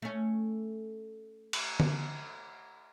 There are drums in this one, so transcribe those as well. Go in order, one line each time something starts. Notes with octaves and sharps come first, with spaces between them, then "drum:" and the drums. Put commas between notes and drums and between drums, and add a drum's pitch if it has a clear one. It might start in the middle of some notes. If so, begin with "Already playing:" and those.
A3 C#4
drum: cymbal
drum: tom D3